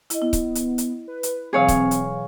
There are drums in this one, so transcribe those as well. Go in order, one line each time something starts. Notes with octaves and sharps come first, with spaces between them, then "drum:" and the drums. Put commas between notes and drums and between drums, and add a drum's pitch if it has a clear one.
E4 D#5, drum: hi-hat
B3 E4
drum: kick C#1, hi-hat
drum: hi-hat
drum: hi-hat
B4
drum: hi-hat
B2 E3 F#3 C4 G#4 C#5 F5
drum: kick C#1, hi-hat
drum: hi-hat